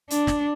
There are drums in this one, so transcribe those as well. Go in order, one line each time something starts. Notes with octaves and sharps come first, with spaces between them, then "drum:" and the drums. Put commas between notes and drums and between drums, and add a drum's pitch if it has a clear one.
D4, drum: hi-hat
drum: snare